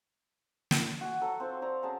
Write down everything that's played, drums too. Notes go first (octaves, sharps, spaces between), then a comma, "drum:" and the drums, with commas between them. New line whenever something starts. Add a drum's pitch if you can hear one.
drum: snare
F#4 F#5 G#5
F#3 A4
C4 F4 C5
C5 D5 A#5
F#3 C#4 G#4 A5